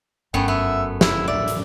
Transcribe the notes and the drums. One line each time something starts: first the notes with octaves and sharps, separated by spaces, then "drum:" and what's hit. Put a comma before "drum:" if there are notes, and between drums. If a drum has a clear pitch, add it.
G1 F#2 A3 B3 G5
B3 E5
E4, drum: snare
A1 D2 D5 E5
drum: hi-hat